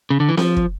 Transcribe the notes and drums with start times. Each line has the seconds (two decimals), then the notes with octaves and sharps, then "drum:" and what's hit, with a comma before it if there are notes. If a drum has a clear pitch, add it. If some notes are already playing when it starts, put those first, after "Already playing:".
0.10 C#3
0.20 D3
0.29 E3
0.37 F3, drum: snare C4
0.56 drum: kick